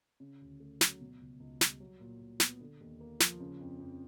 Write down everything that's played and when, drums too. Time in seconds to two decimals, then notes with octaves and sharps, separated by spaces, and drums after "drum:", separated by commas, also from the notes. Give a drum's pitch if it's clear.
0.20 C#3
0.41 D2
0.60 A3
0.81 F#3, drum: snare
1.01 B2
1.20 C#2
1.40 C#2
1.61 G3, drum: snare
1.80 F#3
2.00 A#2
2.20 A#2
2.40 B3, drum: snare
2.61 D3
2.81 D#2
3.01 A#3
3.20 F3, drum: snare
3.40 C#3
3.60 F2
3.80 F2